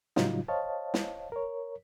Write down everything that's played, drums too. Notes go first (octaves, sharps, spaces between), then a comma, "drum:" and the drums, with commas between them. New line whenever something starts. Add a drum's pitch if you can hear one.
A2 C#3 F#3 G3 D#4 F4, drum: snare
C5 C#5 D#5 F5 A5
drum: snare
A#4 C#5